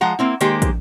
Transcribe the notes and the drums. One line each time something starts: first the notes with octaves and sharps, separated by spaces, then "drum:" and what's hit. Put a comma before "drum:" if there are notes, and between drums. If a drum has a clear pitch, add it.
F3 G#3 F#5 A#5
A#3 C4 E4
D#3 G#3 A#3 G4 C5, drum: hi-hat
drum: kick, hi-hat